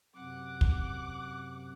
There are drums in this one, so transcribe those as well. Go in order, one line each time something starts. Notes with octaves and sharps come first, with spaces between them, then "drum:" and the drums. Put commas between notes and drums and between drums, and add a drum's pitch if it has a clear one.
F#2 C3 F#5 D6 F#6
drum: kick